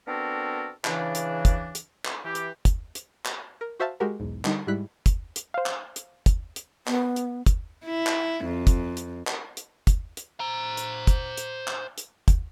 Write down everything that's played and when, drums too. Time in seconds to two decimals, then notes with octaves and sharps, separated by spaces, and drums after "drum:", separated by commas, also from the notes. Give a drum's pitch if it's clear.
0.07 B3 C4 D4 F#4 A4 A#4
0.85 C#3 E3 D4, drum: clap
1.15 drum: hi-hat
1.45 drum: kick, hi-hat
1.75 drum: hi-hat
2.05 drum: clap
2.24 E3 G4
2.35 drum: hi-hat
2.65 drum: kick, hi-hat
2.95 drum: hi-hat
3.25 drum: clap
3.61 A#4
3.80 F#4 C5 E5 F5 A5
4.00 G#3 F#4 G4 A#4
4.20 B1 E2 G#2
4.45 D3 G3 D#4, drum: clap
4.67 G#2 G3 E4 F#6 B6
5.06 drum: kick, hi-hat
5.36 drum: hi-hat
5.54 C5 F5
5.66 drum: clap
5.96 drum: hi-hat
6.26 drum: kick, hi-hat
6.56 drum: hi-hat
6.87 B3, drum: clap
7.16 drum: hi-hat
7.46 drum: kick, hi-hat
7.86 E4
8.07 drum: clap
8.45 F2
8.67 drum: kick, hi-hat
8.97 drum: hi-hat
9.27 drum: clap
9.57 drum: hi-hat
9.87 drum: kick, hi-hat
10.17 drum: hi-hat
10.40 C5 A#5
10.77 drum: hi-hat
11.07 drum: kick, hi-hat
11.37 drum: hi-hat
11.68 drum: clap
11.98 drum: hi-hat
12.28 drum: kick, hi-hat